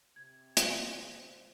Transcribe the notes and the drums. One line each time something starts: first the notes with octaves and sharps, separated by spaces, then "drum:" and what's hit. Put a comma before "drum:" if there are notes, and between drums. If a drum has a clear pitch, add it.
C3 G#6
drum: hi-hat
D3 C4 F5